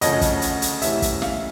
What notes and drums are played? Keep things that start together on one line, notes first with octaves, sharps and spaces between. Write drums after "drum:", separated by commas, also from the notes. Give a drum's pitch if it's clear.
D2 C#3 F3 A3 C#4 D#5, drum: hi-hat
drum: kick, hi-hat
drum: hi-hat
drum: hi-hat
C3 E3 A3 C#4 E5, drum: hi-hat
drum: kick, hi-hat
F5, drum: snare